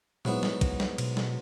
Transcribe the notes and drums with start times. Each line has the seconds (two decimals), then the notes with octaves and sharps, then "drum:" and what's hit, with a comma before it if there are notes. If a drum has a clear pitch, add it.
0.25 G#2 F#3 B3 E4, drum: tom A#2
0.43 drum: snare
0.61 drum: kick, cymbal
0.80 drum: snare
0.98 B2, drum: cymbal
1.17 drum: snare